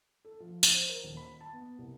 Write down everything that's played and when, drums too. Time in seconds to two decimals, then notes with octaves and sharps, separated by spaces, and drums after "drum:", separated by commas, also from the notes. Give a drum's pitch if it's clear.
0.25 A4
0.40 F3
0.63 drum: tambourine
0.75 C5
0.90 A#4
1.03 D#1
1.17 B5
1.41 A5
1.53 B3
1.78 C2